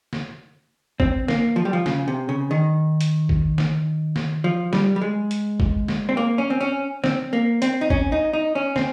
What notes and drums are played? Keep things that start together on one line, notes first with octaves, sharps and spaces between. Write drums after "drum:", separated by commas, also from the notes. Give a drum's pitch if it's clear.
drum: snare
C4, drum: kick
A#3, drum: snare
F3
G3
F3
C#3, drum: snare
C3
C#3
D#3
drum: hi-hat
drum: kick
drum: snare
drum: snare
F3
G3, drum: snare
G3
G#3
drum: hi-hat
drum: kick
drum: snare
C4
A#3
C#4
C4
C#4
C4, drum: snare
A#3
C4, drum: hi-hat
D#4
C#4, drum: kick
D#4
D#4
C#4
C4, drum: snare